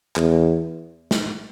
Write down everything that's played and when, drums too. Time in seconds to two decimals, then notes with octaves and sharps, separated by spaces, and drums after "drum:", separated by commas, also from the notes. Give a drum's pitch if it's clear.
0.16 E2, drum: clap
1.11 drum: snare